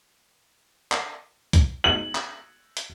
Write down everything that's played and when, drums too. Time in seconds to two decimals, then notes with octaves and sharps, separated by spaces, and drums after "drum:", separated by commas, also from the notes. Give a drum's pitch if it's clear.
0.92 drum: clap
1.53 drum: kick, hi-hat
1.84 F#7
2.15 drum: clap
2.77 drum: hi-hat